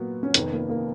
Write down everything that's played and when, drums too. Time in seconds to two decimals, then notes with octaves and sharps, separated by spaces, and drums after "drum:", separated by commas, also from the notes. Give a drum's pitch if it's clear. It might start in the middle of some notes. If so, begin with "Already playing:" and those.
Already playing: A#2 F#3 A#3 B3 F#4
0.23 C#4
0.34 F1 F2 D#3 B3, drum: hi-hat
0.52 A#3
0.70 A#3